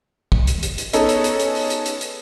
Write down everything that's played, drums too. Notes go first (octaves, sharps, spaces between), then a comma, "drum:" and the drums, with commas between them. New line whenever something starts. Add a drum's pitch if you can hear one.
drum: kick
drum: hi-hat
drum: hi-hat
drum: hi-hat
B3 C#4 D#4 G#4 A4, drum: hi-hat
drum: hi-hat
drum: hi-hat
drum: hi-hat
drum: open hi-hat
drum: hi-hat
drum: hi-hat
drum: hi-hat